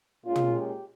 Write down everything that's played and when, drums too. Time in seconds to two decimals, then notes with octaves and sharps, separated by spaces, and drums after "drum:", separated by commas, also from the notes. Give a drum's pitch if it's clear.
0.24 A#2 G#3 C#4 F4
0.36 drum: tom
0.55 G4